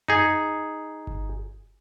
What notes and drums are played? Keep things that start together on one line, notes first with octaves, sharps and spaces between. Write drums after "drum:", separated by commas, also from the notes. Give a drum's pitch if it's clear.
D#4 G#4, drum: tom F#2
drum: kick G1